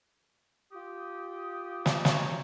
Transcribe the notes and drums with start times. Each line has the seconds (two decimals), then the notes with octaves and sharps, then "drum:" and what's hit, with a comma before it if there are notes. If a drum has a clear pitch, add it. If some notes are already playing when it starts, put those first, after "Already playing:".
0.72 F4 G4 D#6
1.86 drum: snare
2.05 B2 C#4 F#4 C5 C#5 A#5, drum: snare